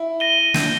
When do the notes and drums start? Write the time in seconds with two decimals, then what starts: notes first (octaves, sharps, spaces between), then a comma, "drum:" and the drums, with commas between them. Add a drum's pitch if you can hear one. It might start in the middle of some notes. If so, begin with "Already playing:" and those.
Already playing: E4
0.20 A#6 D#7 G7
0.54 D4 G6, drum: snare